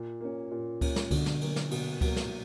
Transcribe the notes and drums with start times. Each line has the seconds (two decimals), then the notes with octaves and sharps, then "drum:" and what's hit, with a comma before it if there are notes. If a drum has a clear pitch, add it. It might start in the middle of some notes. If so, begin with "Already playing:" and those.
Already playing: A#2
0.21 A#3 C#4
0.51 A#2
0.81 A#3 C#4, drum: kick C#2, cymbal
0.96 drum: snare
1.11 B2 D3, drum: kick C#2, cymbal
1.26 drum: snare
1.41 F#3 A#3, drum: cymbal
1.56 drum: snare
1.71 B2, drum: cymbal
2.01 F#3 A#3, drum: kick C#2, cymbal
2.16 drum: snare